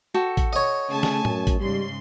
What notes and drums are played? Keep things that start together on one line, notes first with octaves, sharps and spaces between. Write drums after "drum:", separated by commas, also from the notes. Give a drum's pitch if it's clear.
F#4 A4 G5
drum: kick A1, hi-hat
C#5 D#5
C#3 A3 G#5 A5
drum: snare
F#2, drum: tom A2
drum: kick A1, hi-hat
G#2 C#3 G3 C6